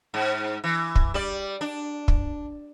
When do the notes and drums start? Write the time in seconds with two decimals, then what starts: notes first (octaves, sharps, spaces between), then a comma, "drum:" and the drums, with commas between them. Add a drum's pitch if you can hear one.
0.14 G#2
0.64 E3
0.95 drum: kick
1.14 G3 D5
1.61 D4
2.08 drum: kick